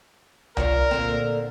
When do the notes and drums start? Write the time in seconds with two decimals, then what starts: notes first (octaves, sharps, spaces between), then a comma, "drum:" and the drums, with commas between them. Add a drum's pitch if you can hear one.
0.57 D4 F4 A#4 C#5, drum: tom C2
0.91 A#2 D3 C4